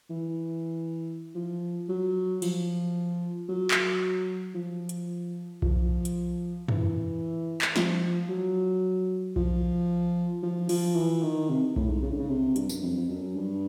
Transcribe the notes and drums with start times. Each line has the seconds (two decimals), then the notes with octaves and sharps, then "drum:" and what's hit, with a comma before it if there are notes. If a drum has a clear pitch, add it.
0.10 E3
1.35 F3
1.89 F#3
2.42 F3, drum: cymbal
3.49 F#3
3.71 drum: clap
4.55 F3
4.89 drum: hi-hat
5.62 F3, drum: kick B1
6.05 drum: hi-hat
6.69 E3, drum: tom
7.62 drum: clap
7.76 F3, drum: snare
8.29 F#3
9.36 F3, drum: kick B1
10.43 F3
10.69 F3, drum: cymbal
10.96 E3
11.22 D#3
11.50 C3
11.76 A2, drum: kick B1
11.89 G#2
12.03 C#3
12.11 D3
12.18 C#3
12.29 C3
12.56 G2, drum: hi-hat
12.69 F#2, drum: tambourine
12.83 F2
12.97 F2
13.09 F#2
13.36 G2